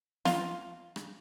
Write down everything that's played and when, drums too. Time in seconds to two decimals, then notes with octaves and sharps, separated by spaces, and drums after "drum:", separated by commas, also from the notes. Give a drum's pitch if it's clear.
0.25 F4, drum: snare
0.96 drum: rim click